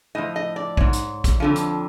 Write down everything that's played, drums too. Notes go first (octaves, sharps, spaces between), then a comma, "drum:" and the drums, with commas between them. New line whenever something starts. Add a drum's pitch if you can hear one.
A2 F3 D#5
D#5
D5
G#2 F3 C#5, drum: kick
drum: hi-hat
drum: kick, hi-hat
F2 D3 F3
drum: hi-hat